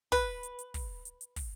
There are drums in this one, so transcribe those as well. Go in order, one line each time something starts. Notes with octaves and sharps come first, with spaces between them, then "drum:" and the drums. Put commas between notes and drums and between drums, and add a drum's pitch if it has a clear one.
B4, drum: kick, open hi-hat
drum: hi-hat
drum: hi-hat
drum: kick, open hi-hat
drum: hi-hat
drum: hi-hat
drum: kick, open hi-hat